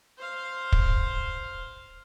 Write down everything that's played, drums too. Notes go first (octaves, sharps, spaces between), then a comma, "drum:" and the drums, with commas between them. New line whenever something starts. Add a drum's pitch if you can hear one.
C5 F5
drum: kick